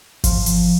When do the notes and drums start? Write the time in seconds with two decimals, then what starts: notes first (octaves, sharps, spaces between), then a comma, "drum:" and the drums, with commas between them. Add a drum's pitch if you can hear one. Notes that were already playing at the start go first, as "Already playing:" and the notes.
0.24 F3, drum: kick G#1, open hi-hat
0.46 drum: open hi-hat